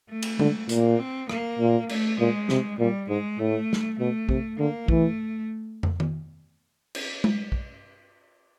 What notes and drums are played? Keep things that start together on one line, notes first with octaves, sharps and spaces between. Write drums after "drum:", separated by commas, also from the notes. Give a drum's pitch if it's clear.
A3
drum: cymbal
D3, drum: tom G#3
A#2 A#3, drum: hi-hat
C4
A#3, drum: rim click
A#2
A3, drum: cymbal
A#2 G#3
C3, drum: snare
A#2 G3
G#2 G#3
A2 A3
drum: snare
B2 A3
C3, drum: kick
D3 A#3
E3 A3, drum: kick
drum: tom
drum: tom D#3
drum: cymbal
drum: tom G#3
drum: kick